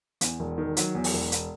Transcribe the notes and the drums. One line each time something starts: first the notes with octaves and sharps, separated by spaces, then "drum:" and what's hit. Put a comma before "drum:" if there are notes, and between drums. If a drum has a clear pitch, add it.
E2, drum: hi-hat
E1
D#3
F#3, drum: hi-hat
E2
drum: open hi-hat
E1
drum: hi-hat